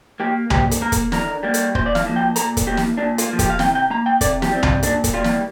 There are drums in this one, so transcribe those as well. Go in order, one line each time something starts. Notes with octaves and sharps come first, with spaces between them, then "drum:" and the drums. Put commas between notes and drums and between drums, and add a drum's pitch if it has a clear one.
A#3 G4
A#2 G4, drum: tom B1
drum: hi-hat
A#3 A#4
drum: kick, hi-hat
D3 A#4, drum: snare
G3 A#3
drum: hi-hat
A#2 C5, drum: kick
D5
F5, drum: snare
F3 A#3
G5
A#2 A#5, drum: hi-hat
drum: kick, hi-hat
A#3 G4
drum: snare
A#2 D4
F4, drum: hi-hat
F3 A#3
G4, drum: kick, hi-hat
F5
C3 G5, drum: snare
G5
A#3 A#5
G5
C3 D5, drum: kick, hi-hat
G4, drum: snare
G3 C4
F4, drum: tom B1
A#2 D4, drum: hi-hat
drum: kick, hi-hat
G3 A#3 F4
drum: snare